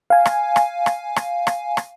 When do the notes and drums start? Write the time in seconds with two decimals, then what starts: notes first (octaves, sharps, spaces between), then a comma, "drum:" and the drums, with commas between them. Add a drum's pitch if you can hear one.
0.10 F5 G#5
0.26 drum: rim click
0.56 drum: rim click
0.86 drum: rim click
1.16 drum: rim click
1.47 drum: rim click
1.77 drum: rim click